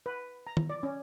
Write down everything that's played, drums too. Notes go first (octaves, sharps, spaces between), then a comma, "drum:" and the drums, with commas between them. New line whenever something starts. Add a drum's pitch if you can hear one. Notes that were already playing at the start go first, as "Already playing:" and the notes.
B4
A#5
drum: tom D#3
D5
C#4